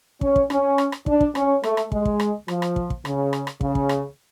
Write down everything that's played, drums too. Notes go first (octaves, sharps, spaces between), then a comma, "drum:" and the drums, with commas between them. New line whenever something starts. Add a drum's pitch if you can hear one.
C#4, drum: kick
drum: kick
C#4, drum: rim click
drum: rim click
drum: rim click
D4, drum: kick
drum: kick
C#4, drum: rim click
A3, drum: rim click
drum: rim click
G#3, drum: kick
drum: kick
drum: rim click
F3, drum: rim click
drum: rim click
drum: kick
drum: kick
C#3, drum: rim click
drum: rim click
drum: rim click
C#3, drum: kick
drum: kick
drum: rim click